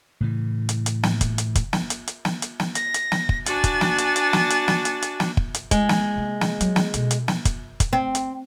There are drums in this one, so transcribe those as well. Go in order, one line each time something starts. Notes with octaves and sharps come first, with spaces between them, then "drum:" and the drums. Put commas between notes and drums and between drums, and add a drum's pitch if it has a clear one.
A2 C#3 E3
drum: hi-hat
drum: hi-hat
drum: snare
drum: kick, hi-hat
drum: hi-hat
drum: kick, hi-hat
drum: snare
drum: hi-hat
drum: hi-hat
drum: snare
drum: hi-hat
drum: snare
A#6, drum: hi-hat
drum: hi-hat
drum: snare
drum: kick
D4 F#4 G#5 A6, drum: hi-hat
drum: kick, hi-hat
drum: snare
drum: hi-hat
drum: hi-hat
drum: snare
drum: hi-hat
drum: snare
drum: hi-hat
drum: hi-hat
drum: snare
drum: kick
drum: hi-hat
G#3, drum: kick, hi-hat
drum: snare
C3 A#3
drum: snare
F#3, drum: hi-hat
drum: snare
B2 D3, drum: hi-hat
drum: hi-hat
drum: snare
drum: kick, hi-hat
drum: kick, hi-hat
C4
drum: hi-hat